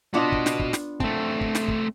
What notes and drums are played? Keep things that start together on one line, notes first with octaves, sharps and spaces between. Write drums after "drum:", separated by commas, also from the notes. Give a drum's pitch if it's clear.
B3 D4 F4 F#4 D#5
drum: kick
drum: snare
drum: kick
drum: snare
A3 C4 A5, drum: kick
drum: kick
drum: snare
drum: kick